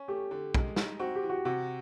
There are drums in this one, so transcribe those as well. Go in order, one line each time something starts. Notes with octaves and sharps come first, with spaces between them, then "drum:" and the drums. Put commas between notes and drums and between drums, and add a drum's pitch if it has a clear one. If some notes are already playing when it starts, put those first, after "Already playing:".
Already playing: C#4
A3 G4
D3
G#3, drum: kick
D#4, drum: snare
C4 F#4
G4
E3
F#4
C3 F#4